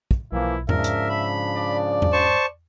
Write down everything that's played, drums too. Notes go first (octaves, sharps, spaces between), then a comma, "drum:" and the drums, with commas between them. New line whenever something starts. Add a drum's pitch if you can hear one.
drum: kick
B1 E3 F3 A#3 E4
G#2 C#3 F3 D4 A#4 E5, drum: tom E2
drum: hi-hat
B5
D5
drum: tom E2
C5 A5 C#6